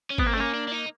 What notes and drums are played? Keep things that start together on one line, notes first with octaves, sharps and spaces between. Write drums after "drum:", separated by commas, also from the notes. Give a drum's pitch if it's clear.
C#4
B3 C4, drum: kick G#1
A#3
A3
A#3 C#4
D4
D4
D#4